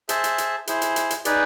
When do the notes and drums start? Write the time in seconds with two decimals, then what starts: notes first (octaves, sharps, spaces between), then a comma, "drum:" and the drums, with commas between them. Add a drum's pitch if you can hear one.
0.09 G#4 C5 E5 A5, drum: hi-hat
0.24 drum: hi-hat
0.38 drum: hi-hat
0.67 E4 G#4 C5, drum: hi-hat
0.82 drum: hi-hat
0.96 drum: hi-hat
1.11 drum: hi-hat
1.25 D#4 G#4 B4 D5, drum: hi-hat